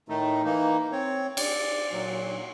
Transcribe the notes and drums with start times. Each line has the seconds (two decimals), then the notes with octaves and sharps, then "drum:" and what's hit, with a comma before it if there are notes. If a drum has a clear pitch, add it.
0.09 A2 D#3 A3 D#4
0.44 E3 A#3 D#4
0.92 C4 C#5
1.37 D5, drum: cymbal
1.92 A#2 F#3